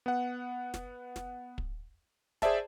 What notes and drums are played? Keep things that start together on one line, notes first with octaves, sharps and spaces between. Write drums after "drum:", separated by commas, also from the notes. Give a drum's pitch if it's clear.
B3 F#5
drum: snare
drum: snare
drum: kick
G#4 C5 D5 E5 A5, drum: snare